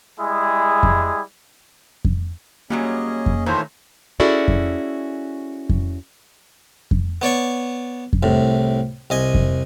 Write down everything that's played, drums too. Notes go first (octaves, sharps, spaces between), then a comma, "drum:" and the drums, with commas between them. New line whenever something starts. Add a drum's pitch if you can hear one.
G3 G#3 E4 G#4
drum: kick F2
drum: kick F2
F#2 F#3 G3 A#3 C#4 G#4 D#5
drum: kick F2
A#2 D#3 E3 A3 C5 C#5 E5
C#4 E4 F#4 G#4 A4 D5
drum: kick F2
drum: kick F2
drum: kick F2
B3 C#5 D5 C#6
drum: kick F2
C2 A2
C2 D#5 G#5
drum: kick F2